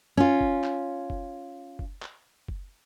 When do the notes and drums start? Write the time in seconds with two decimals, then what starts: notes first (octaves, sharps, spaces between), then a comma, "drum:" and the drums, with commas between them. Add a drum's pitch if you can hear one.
0.17 C#4 F4
0.41 drum: kick F#1
0.64 drum: clap
1.10 drum: kick F#1
1.79 drum: kick F#1
2.02 drum: clap
2.48 drum: kick F#1